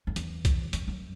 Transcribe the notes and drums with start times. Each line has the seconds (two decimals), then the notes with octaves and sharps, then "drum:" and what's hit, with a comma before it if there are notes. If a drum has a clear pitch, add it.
0.07 F2
0.16 E2, drum: hi-hat
0.45 drum: kick, hi-hat
0.73 F2, drum: hi-hat
0.88 F#2